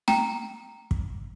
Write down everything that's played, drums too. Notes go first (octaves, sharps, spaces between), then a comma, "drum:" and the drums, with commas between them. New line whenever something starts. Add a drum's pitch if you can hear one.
G5 A#5, drum: snare
drum: kick